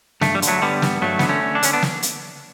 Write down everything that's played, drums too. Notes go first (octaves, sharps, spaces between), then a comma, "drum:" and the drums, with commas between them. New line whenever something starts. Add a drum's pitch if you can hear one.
G2 A3, drum: snare
G3
D3, drum: hi-hat
F#3 A3
D3 G3 B3
G2, drum: snare
G2 F#3 A3
D3 B3, drum: snare
A3 C#4
D3
D4
D3 C#4, drum: hi-hat
B3 D4
drum: snare
drum: hi-hat